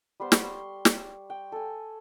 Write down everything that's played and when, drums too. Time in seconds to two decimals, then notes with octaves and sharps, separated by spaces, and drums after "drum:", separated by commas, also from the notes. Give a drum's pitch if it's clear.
0.20 G3 B3 C5
0.32 C6 C#6, drum: snare
0.85 drum: snare
1.30 G5
1.52 A4 G#5